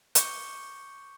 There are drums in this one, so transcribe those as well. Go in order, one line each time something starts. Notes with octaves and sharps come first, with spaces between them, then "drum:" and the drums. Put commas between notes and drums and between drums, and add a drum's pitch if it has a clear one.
C#6 D6 G6 C#7 G7, drum: hi-hat